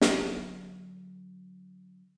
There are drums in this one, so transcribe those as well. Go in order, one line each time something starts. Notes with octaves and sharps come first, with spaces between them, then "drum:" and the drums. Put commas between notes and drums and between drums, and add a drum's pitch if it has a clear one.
D3 F#3, drum: snare